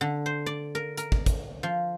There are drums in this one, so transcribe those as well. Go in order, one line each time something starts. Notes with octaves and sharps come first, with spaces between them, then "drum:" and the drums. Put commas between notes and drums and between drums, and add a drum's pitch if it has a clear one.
D3
C5
D5
A#4
A#4, drum: hi-hat
drum: kick
drum: kick, hi-hat
F3